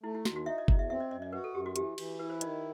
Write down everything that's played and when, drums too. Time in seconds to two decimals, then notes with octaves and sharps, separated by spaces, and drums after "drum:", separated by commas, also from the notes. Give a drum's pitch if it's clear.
0.03 A3 E4
0.15 E4
0.25 D#2 F#4, drum: snare
0.36 F#4
0.46 D#4 E5
0.58 D#5
0.68 E2 D#5, drum: kick
0.79 E5
0.90 C4 E5
1.00 D#5
1.11 F#2 D#5
1.22 D#5
1.33 F#4 B4
1.44 A4
1.55 F#2 G4
1.66 F#4
1.76 E3 G4, drum: hi-hat
1.98 E3, drum: cymbal
2.19 E4 B4
2.30 C5
2.41 D#3 D#5, drum: hi-hat